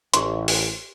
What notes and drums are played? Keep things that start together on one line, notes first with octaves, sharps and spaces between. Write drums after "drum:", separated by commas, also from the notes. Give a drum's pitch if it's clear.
A1 G4 C6, drum: hi-hat
drum: open hi-hat